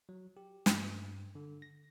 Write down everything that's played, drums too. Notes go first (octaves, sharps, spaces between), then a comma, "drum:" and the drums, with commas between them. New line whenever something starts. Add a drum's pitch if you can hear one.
F#3
G4
G2, drum: snare
D3
A#6